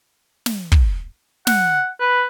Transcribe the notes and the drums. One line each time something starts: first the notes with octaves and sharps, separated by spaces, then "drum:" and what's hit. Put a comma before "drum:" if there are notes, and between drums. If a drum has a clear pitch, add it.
drum: snare
drum: kick
F#5, drum: snare
B4